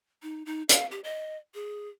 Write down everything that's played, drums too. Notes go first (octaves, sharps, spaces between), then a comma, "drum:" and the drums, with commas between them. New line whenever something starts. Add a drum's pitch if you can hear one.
D#4
D#4
F5, drum: hi-hat
G4
D#5
G#4